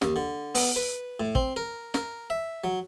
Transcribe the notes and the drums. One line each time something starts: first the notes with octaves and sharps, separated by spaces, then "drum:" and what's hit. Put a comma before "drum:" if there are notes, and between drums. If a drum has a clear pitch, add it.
D#2, drum: snare
D3
B3, drum: open hi-hat
B4
A2
C4, drum: kick
A#4
A#4, drum: snare
E5
F#3